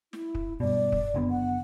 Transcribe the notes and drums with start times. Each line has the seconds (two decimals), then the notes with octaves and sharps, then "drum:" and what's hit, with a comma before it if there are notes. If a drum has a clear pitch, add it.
0.13 E4, drum: snare
0.35 drum: kick
0.60 G2 B2 D5
0.92 drum: kick
1.14 F#1 D3 B3
1.31 F#5